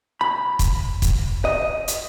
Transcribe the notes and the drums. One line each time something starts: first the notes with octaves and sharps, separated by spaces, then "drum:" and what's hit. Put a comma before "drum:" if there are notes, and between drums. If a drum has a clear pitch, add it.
B5
drum: kick, hi-hat
drum: kick, hi-hat
D#5
drum: hi-hat